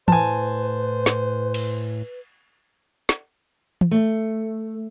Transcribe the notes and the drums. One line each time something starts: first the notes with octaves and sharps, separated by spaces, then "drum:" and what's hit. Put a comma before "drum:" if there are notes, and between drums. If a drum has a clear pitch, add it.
A2 B4 C5 G#5 A5, drum: tom E3
drum: snare
drum: cymbal
drum: snare
drum: tom E3
A3